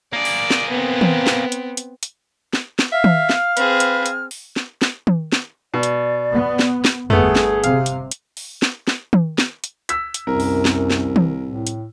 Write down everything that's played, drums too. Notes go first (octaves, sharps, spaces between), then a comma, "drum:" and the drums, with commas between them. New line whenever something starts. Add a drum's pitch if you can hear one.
A#3 G#4 D5
drum: open hi-hat
drum: snare
B3 C4
drum: tom
drum: snare
drum: hi-hat
drum: hi-hat
drum: hi-hat
drum: snare
drum: snare
E5 F5 F6
drum: tom
drum: snare
C4 G#4 B4, drum: hi-hat
drum: hi-hat
drum: hi-hat
drum: open hi-hat
drum: snare
drum: snare
drum: tom
drum: snare
B2 D5
drum: hi-hat
B3
drum: snare
drum: snare
G1 A3 B3 G#4, drum: tom
drum: snare
C3 F5, drum: hi-hat
drum: hi-hat
drum: hi-hat
drum: open hi-hat
drum: snare
drum: snare
drum: tom
drum: snare
drum: hi-hat
E6 B6, drum: hi-hat
drum: hi-hat
C2 F#2 A#4
drum: open hi-hat
drum: snare
drum: snare
drum: tom
A2
drum: hi-hat